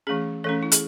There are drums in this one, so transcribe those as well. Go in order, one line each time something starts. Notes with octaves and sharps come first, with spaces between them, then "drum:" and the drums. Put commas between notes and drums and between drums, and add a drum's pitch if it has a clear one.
E3 A3 C#4 G#4
E3 A3 C#4 A4
E4
G#4, drum: hi-hat